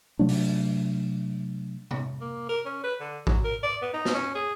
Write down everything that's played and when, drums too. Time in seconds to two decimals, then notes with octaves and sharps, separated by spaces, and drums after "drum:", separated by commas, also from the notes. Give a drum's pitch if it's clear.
0.19 C3 F#3 A3 D4
0.29 drum: open hi-hat
1.91 drum: tom C3
2.21 A#3
2.49 A#4
2.65 C#4
2.84 B4
3.00 D3
3.27 F#3, drum: kick A1
3.44 A#4
3.63 D5
3.82 B3
3.93 D#4
4.05 drum: snare
4.14 C#4
4.35 G#4